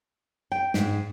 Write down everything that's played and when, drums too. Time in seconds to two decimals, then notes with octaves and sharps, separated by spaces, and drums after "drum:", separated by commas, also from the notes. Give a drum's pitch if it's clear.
0.52 G5
0.74 G#2, drum: snare